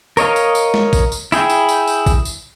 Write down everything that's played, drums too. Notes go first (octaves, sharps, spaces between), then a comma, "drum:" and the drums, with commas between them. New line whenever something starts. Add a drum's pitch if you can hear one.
A#4 C#5 D#5 F5, drum: tambourine
drum: tambourine
drum: tambourine
drum: snare
drum: kick A1, tambourine
drum: tambourine
E4 G#4 G5, drum: tambourine
drum: tambourine
drum: tambourine
drum: tambourine
drum: kick A1, tambourine
drum: tambourine